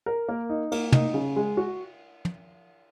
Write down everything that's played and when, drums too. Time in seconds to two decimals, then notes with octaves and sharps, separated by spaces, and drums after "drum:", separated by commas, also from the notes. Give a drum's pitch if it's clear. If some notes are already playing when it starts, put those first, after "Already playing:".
0.06 A#4
0.28 A#3
0.50 D#4
0.72 A#3, drum: cymbal
0.92 D#4, drum: tom
1.14 C#3
1.36 G#3
1.57 F#4
2.25 drum: tom